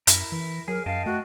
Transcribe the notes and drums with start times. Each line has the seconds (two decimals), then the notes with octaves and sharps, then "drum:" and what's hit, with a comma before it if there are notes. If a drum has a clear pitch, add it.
0.07 F#2 E4 A#4, drum: hi-hat
0.32 E3
0.68 F#3 G#4 A#4
0.86 F#2 D#5 F5 G5 A5
1.06 A3 F#4